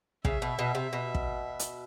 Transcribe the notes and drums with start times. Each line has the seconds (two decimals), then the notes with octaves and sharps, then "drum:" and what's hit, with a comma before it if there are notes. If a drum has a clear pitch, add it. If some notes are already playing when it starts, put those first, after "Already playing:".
0.25 C#3 E5, drum: kick
0.42 B2
0.59 B2
0.75 C3
0.93 B2
1.15 drum: kick
1.59 drum: hi-hat